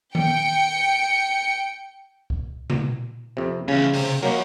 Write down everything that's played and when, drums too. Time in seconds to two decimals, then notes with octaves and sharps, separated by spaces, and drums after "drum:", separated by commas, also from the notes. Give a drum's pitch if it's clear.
0.15 G5 C#7, drum: tom D#3
2.30 drum: kick C2
2.70 drum: tom B2
3.37 F2 C3
3.68 C#3 E3 C#4
3.93 C3, drum: open hi-hat
4.23 F#3 A#3 A#4 C#5